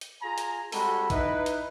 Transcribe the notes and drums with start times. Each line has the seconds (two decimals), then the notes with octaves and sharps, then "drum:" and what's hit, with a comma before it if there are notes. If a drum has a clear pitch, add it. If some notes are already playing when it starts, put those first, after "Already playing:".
0.01 drum: hi-hat
0.22 F4 G#4 G#5 A#5
0.38 drum: hi-hat
0.72 G3 G#3 C4 F#4 A4 B5, drum: open hi-hat
1.10 D#4 E4 B4, drum: kick A#1, hi-hat
1.46 drum: hi-hat